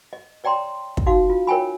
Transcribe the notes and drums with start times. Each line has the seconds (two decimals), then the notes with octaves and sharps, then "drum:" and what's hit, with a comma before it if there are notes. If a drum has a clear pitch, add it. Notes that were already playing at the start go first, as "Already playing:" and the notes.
0.13 D#5
0.44 C#5 D5 G5 A#5 C6
0.97 drum: kick
1.06 D#4 F#4 F5
1.30 F4
1.47 A#4 C#5 G5 G#5 B5